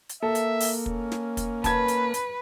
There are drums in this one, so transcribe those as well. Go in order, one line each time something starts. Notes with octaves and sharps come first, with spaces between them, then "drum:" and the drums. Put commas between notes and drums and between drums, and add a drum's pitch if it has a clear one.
drum: hi-hat
A#3 A4 E5
drum: hi-hat
drum: open hi-hat
C#4, drum: kick
drum: snare
drum: kick, hi-hat
B4 A5 G#6, drum: kick, hi-hat
drum: hi-hat
drum: hi-hat